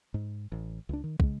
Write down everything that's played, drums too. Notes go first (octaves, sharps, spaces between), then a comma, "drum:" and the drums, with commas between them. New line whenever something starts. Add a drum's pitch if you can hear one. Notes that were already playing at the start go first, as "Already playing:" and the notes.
G#2
A1
C#2 D4
D#3
C#3 G#3, drum: kick